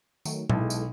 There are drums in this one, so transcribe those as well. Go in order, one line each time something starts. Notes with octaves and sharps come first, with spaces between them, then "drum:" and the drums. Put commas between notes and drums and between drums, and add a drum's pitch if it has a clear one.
D#3 F#3 A3, drum: tambourine
B1 G#3 E4 A4, drum: tom A#2
drum: tambourine